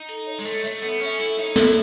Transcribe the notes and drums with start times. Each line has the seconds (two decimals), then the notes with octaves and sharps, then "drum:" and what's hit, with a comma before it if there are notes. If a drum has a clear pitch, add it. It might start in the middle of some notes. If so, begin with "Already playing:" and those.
Already playing: D#4
0.09 A4, drum: hi-hat
0.27 C#5 E5
0.39 G#3
0.45 A3 A4, drum: hi-hat
0.64 A3 C#5 E5
0.82 B3 A4, drum: hi-hat
1.01 C#4 C#5 E5
1.19 E4 A4, drum: hi-hat
1.38 D#4 C#5 E5
1.56 E4 A4, drum: snare